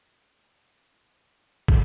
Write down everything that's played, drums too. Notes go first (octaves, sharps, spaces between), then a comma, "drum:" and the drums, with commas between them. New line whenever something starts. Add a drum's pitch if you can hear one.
G3 B4 C#5
drum: kick